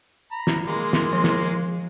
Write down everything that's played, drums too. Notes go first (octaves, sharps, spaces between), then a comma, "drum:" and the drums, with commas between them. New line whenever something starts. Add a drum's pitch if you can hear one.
A#5 B5
drum: snare
G#3 A#3 C6
drum: snare
F3
drum: snare